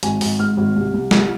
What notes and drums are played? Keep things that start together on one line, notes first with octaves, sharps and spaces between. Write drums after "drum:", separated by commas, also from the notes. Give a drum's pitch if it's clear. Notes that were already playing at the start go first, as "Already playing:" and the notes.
G#1 G#5, drum: hi-hat
G#1, drum: open hi-hat
G#2 F6
G#1
C2
C2
C2, drum: snare